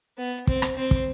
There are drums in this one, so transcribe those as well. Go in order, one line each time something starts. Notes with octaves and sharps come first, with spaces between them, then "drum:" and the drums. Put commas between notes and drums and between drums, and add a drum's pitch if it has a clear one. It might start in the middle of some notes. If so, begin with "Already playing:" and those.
B3
C4, drum: kick
drum: rim click
C4
drum: kick